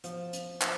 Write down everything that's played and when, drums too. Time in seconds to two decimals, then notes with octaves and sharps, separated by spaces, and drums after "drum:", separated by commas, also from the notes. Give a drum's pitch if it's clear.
0.04 F3, drum: hi-hat
0.33 drum: hi-hat
0.61 F3, drum: clap